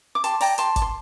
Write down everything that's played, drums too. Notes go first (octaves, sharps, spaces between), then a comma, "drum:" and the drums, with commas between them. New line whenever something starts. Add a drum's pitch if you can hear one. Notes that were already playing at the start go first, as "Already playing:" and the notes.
D6
G4 A5 C6, drum: hi-hat
D5 G5 A#5, drum: open hi-hat
G4 A5 C6, drum: hi-hat
D5, drum: kick, hi-hat
C6